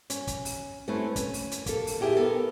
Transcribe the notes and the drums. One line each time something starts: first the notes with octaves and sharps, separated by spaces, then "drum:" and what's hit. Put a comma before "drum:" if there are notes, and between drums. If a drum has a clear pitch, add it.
C#4, drum: hi-hat
drum: kick, hi-hat
drum: open hi-hat
A3 C4 C#4 E4 B4
C#4, drum: kick, hi-hat
drum: open hi-hat
drum: hi-hat
A#3 A4, drum: kick, hi-hat
drum: open hi-hat
A#2 E4 G4 G#4 E5
A#3 B3 A4 A#4